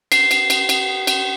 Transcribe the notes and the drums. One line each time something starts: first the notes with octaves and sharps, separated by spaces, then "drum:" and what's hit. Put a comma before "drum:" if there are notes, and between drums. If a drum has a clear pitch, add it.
C7, drum: cymbal
drum: cymbal
drum: cymbal
drum: cymbal
drum: cymbal